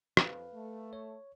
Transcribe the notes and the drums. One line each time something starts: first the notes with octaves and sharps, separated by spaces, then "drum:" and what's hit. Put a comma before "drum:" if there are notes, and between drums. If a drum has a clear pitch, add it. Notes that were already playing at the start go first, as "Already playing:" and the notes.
F2 B4 F5, drum: rim click
A3
C#5